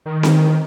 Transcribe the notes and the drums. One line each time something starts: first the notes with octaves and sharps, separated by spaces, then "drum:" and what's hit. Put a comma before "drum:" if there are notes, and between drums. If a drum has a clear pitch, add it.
D#3
drum: snare C4